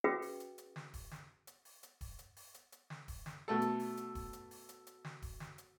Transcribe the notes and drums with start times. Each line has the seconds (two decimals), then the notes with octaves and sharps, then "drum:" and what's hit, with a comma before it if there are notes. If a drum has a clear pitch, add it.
0.04 C#4 F#4 G#4 B4 E5 G5
0.22 drum: open hi-hat
0.40 drum: hi-hat
0.58 drum: hi-hat
0.76 drum: snare
0.94 drum: kick D#1, open hi-hat
1.11 drum: snare
1.47 drum: hi-hat
1.65 drum: open hi-hat
1.83 drum: hi-hat
2.01 drum: kick D#1, open hi-hat
2.19 drum: hi-hat
2.37 drum: open hi-hat
2.54 drum: hi-hat
2.72 drum: hi-hat
2.90 drum: snare
3.08 drum: kick D#1, open hi-hat
3.26 drum: snare
3.48 B2 A3 A4
3.62 drum: hi-hat
3.79 drum: open hi-hat
3.97 drum: hi-hat
4.15 drum: kick D#1, open hi-hat
4.33 drum: hi-hat
4.51 drum: open hi-hat
4.69 drum: hi-hat
4.87 drum: hi-hat
5.05 drum: snare
5.22 drum: kick D#1, open hi-hat
5.40 drum: snare
5.58 drum: hi-hat